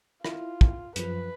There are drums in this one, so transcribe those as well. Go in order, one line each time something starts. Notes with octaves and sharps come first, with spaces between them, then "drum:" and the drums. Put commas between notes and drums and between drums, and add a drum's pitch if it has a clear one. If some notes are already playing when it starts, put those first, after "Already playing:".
E4 F4, drum: rim click
drum: kick
F#2 F3 B4, drum: hi-hat